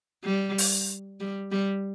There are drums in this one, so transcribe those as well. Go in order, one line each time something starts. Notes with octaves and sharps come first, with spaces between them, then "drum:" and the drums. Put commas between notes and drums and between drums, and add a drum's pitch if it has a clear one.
G3
drum: open hi-hat
G3
G3